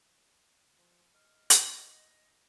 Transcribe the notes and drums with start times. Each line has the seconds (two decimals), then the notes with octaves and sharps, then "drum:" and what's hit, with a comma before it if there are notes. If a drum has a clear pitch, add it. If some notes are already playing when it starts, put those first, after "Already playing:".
0.78 F3
1.14 D#5 F6
1.50 drum: hi-hat
1.93 A#6